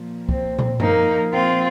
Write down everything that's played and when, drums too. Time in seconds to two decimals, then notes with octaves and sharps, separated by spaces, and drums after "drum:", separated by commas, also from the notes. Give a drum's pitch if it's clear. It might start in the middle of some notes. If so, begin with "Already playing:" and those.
Already playing: A#2 F3
0.29 C4, drum: kick
0.59 drum: tom
0.80 A#2 F3 A#3 D#4, drum: tom F#2
1.32 C4 F4